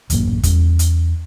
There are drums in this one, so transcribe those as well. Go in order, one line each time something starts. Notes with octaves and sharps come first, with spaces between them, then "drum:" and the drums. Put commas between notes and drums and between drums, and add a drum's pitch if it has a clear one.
D#1 A1 F#2 A#3, drum: hi-hat
E2 G3 C#4, drum: kick, hi-hat
drum: hi-hat